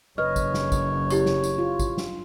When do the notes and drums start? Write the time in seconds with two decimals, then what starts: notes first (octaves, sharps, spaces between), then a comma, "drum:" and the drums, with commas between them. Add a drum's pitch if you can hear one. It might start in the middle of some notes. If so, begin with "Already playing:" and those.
0.18 F#1 C#3 B4 C#5 D#5 F6
0.36 drum: kick, tambourine
0.54 drum: snare
0.72 drum: kick, tambourine
1.10 E4 G4 C#6, drum: tambourine
1.26 drum: snare
1.44 drum: tambourine
1.58 F4
1.79 drum: kick, tambourine
1.97 drum: snare